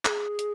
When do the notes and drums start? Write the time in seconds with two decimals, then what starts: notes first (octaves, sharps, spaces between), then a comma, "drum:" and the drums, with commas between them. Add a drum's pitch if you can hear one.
0.05 A4, drum: clap
0.08 G#4
0.39 drum: hi-hat